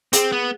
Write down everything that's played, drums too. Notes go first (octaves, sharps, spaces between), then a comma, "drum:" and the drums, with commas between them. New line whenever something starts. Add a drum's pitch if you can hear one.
C4 G#4, drum: hi-hat
B3